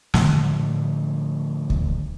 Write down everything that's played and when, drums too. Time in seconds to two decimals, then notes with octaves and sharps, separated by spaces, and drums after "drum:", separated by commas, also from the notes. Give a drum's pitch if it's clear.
0.14 A2 D3 F3 G3, drum: snare
1.70 drum: kick D2